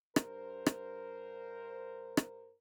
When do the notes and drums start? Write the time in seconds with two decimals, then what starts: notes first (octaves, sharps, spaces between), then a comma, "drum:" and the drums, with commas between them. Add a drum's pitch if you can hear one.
0.16 G2 A#4 C5, drum: rim click
0.66 drum: rim click
2.17 drum: rim click